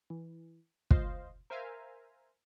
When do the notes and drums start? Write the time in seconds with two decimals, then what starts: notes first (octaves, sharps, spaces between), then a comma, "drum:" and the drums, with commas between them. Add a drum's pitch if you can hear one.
0.10 E3
0.91 C#2 F4 C5 D#5 F5, drum: kick
1.50 A#4 C5 E5 F5 G#5 A#5